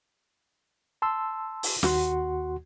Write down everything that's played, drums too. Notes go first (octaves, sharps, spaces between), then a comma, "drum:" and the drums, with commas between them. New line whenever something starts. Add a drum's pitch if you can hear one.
A5 C6 E6
drum: open hi-hat
D#2 F#4 F#5 C6, drum: snare